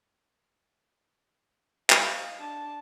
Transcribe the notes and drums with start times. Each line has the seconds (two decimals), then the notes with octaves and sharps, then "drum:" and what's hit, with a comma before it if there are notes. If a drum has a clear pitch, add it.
1.90 D#5 F5, drum: clap
2.39 D4 A5